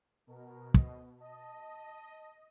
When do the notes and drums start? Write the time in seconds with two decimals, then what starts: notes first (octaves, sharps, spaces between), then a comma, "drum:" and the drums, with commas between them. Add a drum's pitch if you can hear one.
0.27 B2 A#4
0.74 A4 C5 D#5, drum: kick
1.20 D#5 A5